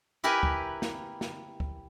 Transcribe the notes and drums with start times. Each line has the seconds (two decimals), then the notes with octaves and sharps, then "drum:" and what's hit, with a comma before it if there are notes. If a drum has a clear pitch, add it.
0.24 E4 G4 A#4 B4 G#5
0.43 drum: kick D2
0.82 drum: snare
1.21 drum: snare
1.60 drum: kick D2